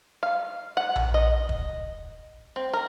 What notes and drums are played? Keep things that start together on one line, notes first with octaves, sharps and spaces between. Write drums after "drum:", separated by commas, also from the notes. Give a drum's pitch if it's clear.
F5
F#5
drum: tom A#1
D#5
drum: kick
C4
A#4